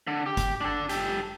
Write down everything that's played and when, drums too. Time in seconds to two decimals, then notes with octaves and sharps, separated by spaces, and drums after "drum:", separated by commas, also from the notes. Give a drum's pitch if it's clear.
0.07 D3
0.26 G4
0.37 drum: kick F#1, hi-hat
0.61 D4 A4
0.89 G4 A4, drum: hi-hat